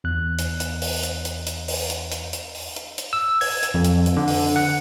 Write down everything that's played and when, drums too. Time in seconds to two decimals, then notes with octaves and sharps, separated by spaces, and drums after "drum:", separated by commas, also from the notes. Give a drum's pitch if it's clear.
0.04 E2 F#6
0.38 drum: hi-hat
0.60 drum: hi-hat
0.82 drum: open hi-hat
1.03 drum: hi-hat
1.25 drum: hi-hat
1.46 drum: hi-hat
1.68 drum: open hi-hat
1.90 drum: hi-hat
2.11 drum: hi-hat
2.33 drum: hi-hat
2.55 drum: open hi-hat
2.76 drum: hi-hat
2.98 drum: hi-hat
3.13 E6
3.41 G#6, drum: open hi-hat
3.63 drum: hi-hat
3.74 F2
3.84 drum: hi-hat
4.06 drum: hi-hat
4.17 D3
4.27 drum: open hi-hat
4.56 F#5